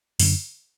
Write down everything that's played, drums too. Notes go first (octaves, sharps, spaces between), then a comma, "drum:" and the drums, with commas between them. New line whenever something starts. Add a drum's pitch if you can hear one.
F#2 D3, drum: open hi-hat